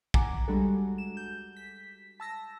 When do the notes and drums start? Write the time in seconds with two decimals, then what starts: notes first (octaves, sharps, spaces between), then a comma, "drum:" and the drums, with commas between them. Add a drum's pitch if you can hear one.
0.14 F#5 G#5 A#5 D6, drum: kick A#1
0.48 G3 G#3 D4 F#4 A4
0.98 E7
1.17 G6
1.57 B6
2.20 A5 E6 A#6